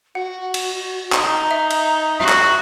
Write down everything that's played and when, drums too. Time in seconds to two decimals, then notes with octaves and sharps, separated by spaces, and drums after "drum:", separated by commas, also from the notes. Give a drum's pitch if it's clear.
0.15 F#4 F#5
0.54 drum: cymbal
1.12 D#4 A#5, drum: clap
1.51 E5
1.71 drum: cymbal
2.20 F#4 E5
2.29 drum: clap